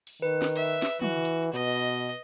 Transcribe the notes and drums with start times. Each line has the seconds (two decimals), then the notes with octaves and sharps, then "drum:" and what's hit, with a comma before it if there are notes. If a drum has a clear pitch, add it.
0.07 drum: open hi-hat
0.22 D#3 B4
0.42 drum: snare
0.56 E5, drum: cymbal
0.82 drum: snare
1.02 E3 F#4, drum: tom
1.25 drum: hi-hat
1.54 B2 D#5